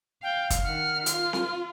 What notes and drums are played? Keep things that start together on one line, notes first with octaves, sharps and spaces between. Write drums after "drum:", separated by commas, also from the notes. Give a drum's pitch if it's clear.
F5 G5
drum: kick, hi-hat
D#3 F#5 F6
F4, drum: hi-hat
drum: snare C4